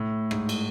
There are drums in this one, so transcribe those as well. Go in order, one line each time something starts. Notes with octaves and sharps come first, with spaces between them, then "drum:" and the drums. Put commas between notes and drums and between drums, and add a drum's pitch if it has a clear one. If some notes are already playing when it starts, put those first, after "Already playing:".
Already playing: A2
G#2, drum: rim click
drum: cymbal